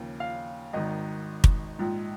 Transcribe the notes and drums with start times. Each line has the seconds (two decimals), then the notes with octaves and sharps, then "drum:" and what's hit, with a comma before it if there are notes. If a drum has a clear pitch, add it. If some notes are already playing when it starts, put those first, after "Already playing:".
Already playing: D#2 C#3 F3
0.20 F5
0.73 G#1 G#2 D#3 D#5
1.44 drum: kick
1.79 A#1 G#2 F3